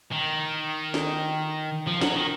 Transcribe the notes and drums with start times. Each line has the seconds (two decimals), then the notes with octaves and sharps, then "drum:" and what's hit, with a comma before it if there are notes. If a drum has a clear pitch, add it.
0.12 D#3
0.94 drum: snare
1.87 F3
2.01 F#3, drum: snare
2.16 D#3